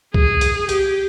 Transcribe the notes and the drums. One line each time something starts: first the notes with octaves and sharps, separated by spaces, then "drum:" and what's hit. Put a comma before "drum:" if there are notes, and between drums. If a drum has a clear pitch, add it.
G#4, drum: kick C2
drum: hi-hat
G4, drum: hi-hat